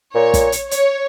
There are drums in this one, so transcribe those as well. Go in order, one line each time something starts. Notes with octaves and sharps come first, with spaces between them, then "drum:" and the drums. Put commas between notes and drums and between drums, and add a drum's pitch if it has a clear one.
A#2 C#5
drum: kick, hi-hat
drum: hi-hat
C#5, drum: hi-hat